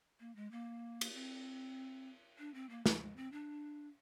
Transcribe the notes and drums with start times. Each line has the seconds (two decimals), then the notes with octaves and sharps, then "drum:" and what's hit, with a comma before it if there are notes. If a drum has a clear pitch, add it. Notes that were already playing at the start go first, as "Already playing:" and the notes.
0.20 A#3
0.36 G#3
0.51 A#3
1.01 drum: cymbal
1.14 C4
2.38 D4
2.54 C4
2.70 A#3
2.86 G#3, drum: snare
3.01 G#3
3.16 C4
3.32 D4